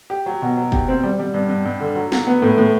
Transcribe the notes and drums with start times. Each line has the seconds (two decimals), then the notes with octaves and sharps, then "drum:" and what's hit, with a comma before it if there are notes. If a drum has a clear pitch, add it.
0.10 G4
0.26 F#3
0.42 B2
0.57 F#3
0.72 G4, drum: kick
0.88 C4
1.03 G3
1.19 G3
1.34 G2
1.49 G2
1.65 G2
1.81 D3
1.96 F#3
2.12 F#3, drum: snare
2.27 B3
2.42 A2
2.58 A2